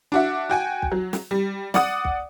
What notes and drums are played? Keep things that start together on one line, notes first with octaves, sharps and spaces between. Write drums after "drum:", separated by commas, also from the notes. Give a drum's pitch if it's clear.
D4 F#4 E5
F#4 G5 G#5
drum: kick
F#3
drum: snare
G3
D5 F#5 D#6, drum: snare
drum: kick